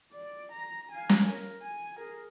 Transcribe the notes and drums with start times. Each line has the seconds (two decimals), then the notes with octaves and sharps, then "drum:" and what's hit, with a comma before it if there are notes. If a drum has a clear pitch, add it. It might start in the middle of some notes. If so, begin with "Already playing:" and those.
0.12 D5
0.52 A#5
0.92 F5 G#5
1.09 drum: snare
1.27 A#4
1.62 G#5
1.95 G#4 A#4